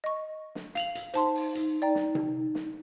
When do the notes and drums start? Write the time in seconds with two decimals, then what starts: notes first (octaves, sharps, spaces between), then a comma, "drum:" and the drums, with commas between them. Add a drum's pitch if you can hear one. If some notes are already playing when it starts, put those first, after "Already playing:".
0.04 D#5 C#6
0.55 drum: snare
0.75 F5 F7 F#7, drum: hi-hat
0.95 drum: hi-hat
1.14 D#4 C5 A5 C6, drum: hi-hat
1.35 drum: open hi-hat
1.55 drum: hi-hat
1.82 D5 G5 A#5
1.95 drum: snare
2.15 drum: tom C3
2.55 drum: snare